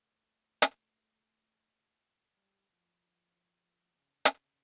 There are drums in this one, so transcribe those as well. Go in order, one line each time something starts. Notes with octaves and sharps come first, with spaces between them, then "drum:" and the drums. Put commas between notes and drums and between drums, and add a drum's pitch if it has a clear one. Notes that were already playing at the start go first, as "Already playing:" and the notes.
Already playing: A3
drum: hi-hat
G3
F3
C#3
drum: hi-hat